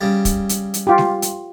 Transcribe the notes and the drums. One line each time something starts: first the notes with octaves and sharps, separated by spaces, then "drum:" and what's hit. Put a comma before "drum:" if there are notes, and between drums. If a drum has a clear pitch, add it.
C#3 G3
drum: kick, hi-hat
drum: hi-hat
drum: hi-hat
F4 G4
drum: snare G#3
drum: hi-hat